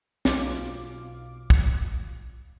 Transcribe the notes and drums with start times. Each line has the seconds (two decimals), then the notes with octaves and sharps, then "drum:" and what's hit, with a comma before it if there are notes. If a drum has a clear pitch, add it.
0.25 B1 B2 F4 F5 D6, drum: snare
1.50 drum: kick